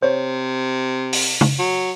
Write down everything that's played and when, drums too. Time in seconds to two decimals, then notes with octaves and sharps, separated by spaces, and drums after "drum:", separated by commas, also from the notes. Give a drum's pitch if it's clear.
0.03 C3 C5 C#5
1.13 drum: open hi-hat
1.41 drum: tom
1.59 F#3